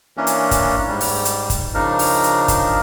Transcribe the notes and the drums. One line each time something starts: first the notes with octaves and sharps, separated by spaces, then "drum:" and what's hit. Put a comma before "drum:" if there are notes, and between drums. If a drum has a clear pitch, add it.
E3 A#3 C#4 D4
drum: hi-hat
drum: kick, hi-hat
G#2 G3
drum: open hi-hat
drum: hi-hat
drum: kick, hi-hat
C#3 F3 D4 D#4 A#4
drum: open hi-hat
drum: hi-hat
drum: kick, hi-hat